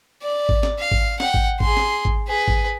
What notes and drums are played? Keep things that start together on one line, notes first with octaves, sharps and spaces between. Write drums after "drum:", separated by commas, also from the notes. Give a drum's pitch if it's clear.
D5
drum: kick G#1
drum: snare
F5
drum: kick G#1
F#5 G5, drum: snare
drum: kick G#1
G#4 C6, drum: kick G#1
drum: snare
drum: kick G#1
G#4 B4
drum: kick G#1